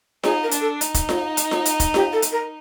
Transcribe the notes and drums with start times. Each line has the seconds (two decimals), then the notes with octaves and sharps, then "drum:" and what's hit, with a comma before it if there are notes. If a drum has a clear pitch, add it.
0.23 D#4 G#4, drum: snare F4
0.43 A#4
0.51 D4, drum: hi-hat
0.61 A4
0.81 D#4, drum: hi-hat
0.94 drum: kick, hi-hat
1.09 drum: snare F4
1.37 drum: hi-hat
1.51 drum: snare F4
1.65 drum: hi-hat
1.80 drum: kick, hi-hat
1.94 G4, drum: snare F4
2.12 A4
2.22 drum: hi-hat
2.32 A#4